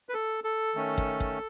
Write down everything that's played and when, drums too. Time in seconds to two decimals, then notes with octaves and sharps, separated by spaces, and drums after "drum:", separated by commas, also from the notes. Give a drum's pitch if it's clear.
0.09 B4
0.14 A4
0.44 A4
0.75 D#3 A3 C#4
0.98 drum: kick
1.20 drum: kick